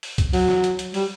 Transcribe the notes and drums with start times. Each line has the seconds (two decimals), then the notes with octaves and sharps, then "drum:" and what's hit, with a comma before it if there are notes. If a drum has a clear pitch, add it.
0.03 drum: open hi-hat
0.18 drum: kick C2, hi-hat
0.33 F#3, drum: open hi-hat
0.49 drum: snare
0.64 drum: hi-hat
0.79 drum: hi-hat
0.94 G3, drum: open hi-hat